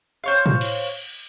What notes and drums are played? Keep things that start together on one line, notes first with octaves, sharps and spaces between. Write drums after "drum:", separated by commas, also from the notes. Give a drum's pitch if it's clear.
C5 C#5 F5
drum: tom A2
drum: cymbal